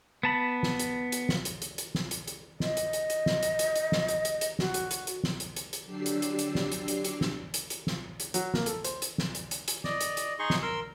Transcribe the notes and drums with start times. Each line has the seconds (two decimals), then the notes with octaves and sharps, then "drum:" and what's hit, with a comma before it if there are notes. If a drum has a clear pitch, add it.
0.23 B3 A5 B5
0.63 drum: snare
0.79 drum: hi-hat
1.12 drum: hi-hat
1.29 drum: snare
1.45 drum: hi-hat
1.62 drum: hi-hat
1.78 drum: hi-hat
1.95 drum: snare
2.11 drum: hi-hat
2.28 drum: hi-hat
2.60 D#5, drum: snare
2.77 drum: hi-hat
2.93 drum: hi-hat
3.10 drum: hi-hat
3.26 drum: snare
3.43 drum: hi-hat
3.59 drum: hi-hat
3.76 drum: hi-hat
3.92 drum: snare
4.08 drum: hi-hat
4.25 drum: hi-hat
4.41 drum: hi-hat
4.59 F#4, drum: snare
4.74 drum: hi-hat
4.91 drum: hi-hat
5.07 drum: hi-hat
5.24 drum: snare
5.40 drum: hi-hat
5.56 drum: hi-hat
5.73 drum: hi-hat
5.85 D3 F#3 D4 G4 E6 C7
6.06 drum: hi-hat
6.22 drum: hi-hat
6.39 drum: hi-hat
6.55 drum: snare
6.72 drum: hi-hat
6.88 drum: hi-hat
7.05 drum: hi-hat
7.21 drum: snare
7.54 drum: hi-hat
7.70 drum: hi-hat
7.87 drum: snare
8.20 drum: hi-hat
8.34 F#3, drum: hi-hat
8.54 A#3, drum: snare
8.66 A4, drum: hi-hat
8.84 C5, drum: hi-hat
9.02 drum: hi-hat
9.18 drum: snare
9.35 drum: hi-hat
9.51 drum: hi-hat
9.68 drum: hi-hat
9.84 D5 D#5, drum: snare
10.01 drum: hi-hat
10.17 drum: hi-hat
10.39 D#4 G#4 C6 C#6
10.50 drum: snare
10.62 A#4 C6 E6